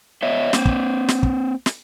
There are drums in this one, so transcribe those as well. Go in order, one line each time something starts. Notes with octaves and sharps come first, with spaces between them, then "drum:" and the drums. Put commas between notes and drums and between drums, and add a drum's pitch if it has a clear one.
B3 C#5 D#5 E5
A#3 C4, drum: snare
drum: kick
drum: snare
drum: kick
drum: snare